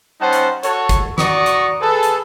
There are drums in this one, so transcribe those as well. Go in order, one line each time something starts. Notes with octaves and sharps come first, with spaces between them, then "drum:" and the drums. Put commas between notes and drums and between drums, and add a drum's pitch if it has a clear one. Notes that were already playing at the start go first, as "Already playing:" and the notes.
G3 C#4 D#4 C5 F#5 A5
drum: hi-hat
F#4 A4 C#5, drum: hi-hat
drum: kick, hi-hat
F#4 D5 A#5 C#6 D#6, drum: snare
drum: hi-hat
G#4 A4 B4
drum: hi-hat